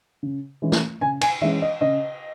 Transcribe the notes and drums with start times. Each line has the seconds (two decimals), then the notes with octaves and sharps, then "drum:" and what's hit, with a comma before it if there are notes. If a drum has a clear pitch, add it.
0.23 C#3
0.62 E3 G#3 C#4
0.72 drum: snare
1.01 C#3 G#5
1.21 G#5, drum: cymbal
1.41 E3 G#3 C#4 E5
1.62 D#5
1.81 C#3 D#5